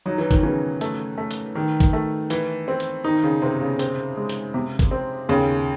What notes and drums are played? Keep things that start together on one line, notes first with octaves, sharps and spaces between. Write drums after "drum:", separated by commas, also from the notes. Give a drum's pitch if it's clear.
F#3 D#4
E3
D#3, drum: kick, hi-hat
C#3 E3
A3, drum: hi-hat
A3
drum: hi-hat
D#3
drum: kick, hi-hat
A3
E3, drum: hi-hat
C4
drum: hi-hat
D#3 D#4
C#3
C3 C4
C#3
C4, drum: hi-hat
G#3
drum: hi-hat
C3
drum: kick, hi-hat
C4
D#2 C#3